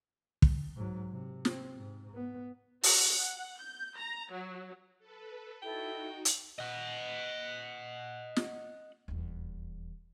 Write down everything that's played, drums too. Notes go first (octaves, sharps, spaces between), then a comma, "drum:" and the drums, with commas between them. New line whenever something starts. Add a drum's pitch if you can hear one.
drum: kick
G#2 F#3
C3
C4, drum: snare
G#2
B3
F#4, drum: open hi-hat
F#5
G6
A#5
F#3
A4 B4
D#4 E4 F#4 A4 G5
drum: hi-hat
D#5 F#5
drum: snare
D#1 E2